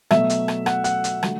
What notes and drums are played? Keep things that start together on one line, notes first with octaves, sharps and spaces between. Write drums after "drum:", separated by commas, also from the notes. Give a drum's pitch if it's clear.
B2 F#3 A3 E5, drum: rim click
drum: hi-hat
drum: rim click
F#5, drum: rim click
F#5, drum: hi-hat
drum: hi-hat
D3 F#3 A3, drum: rim click